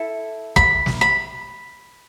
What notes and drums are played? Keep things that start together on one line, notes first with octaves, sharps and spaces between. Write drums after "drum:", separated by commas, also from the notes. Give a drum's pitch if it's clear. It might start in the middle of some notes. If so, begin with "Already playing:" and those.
Already playing: E4 A4
B5, drum: kick
drum: snare
B5